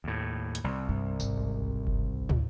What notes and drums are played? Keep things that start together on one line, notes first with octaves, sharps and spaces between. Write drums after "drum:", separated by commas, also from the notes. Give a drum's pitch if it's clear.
D#2 A2
drum: hi-hat
C2
G2
G#1 C#2, drum: tambourine
drum: kick G1
A1 D2, drum: tom